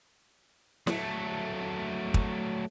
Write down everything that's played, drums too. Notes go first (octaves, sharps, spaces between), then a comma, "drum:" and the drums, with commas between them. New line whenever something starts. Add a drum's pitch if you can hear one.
F#3 A3, drum: snare
drum: kick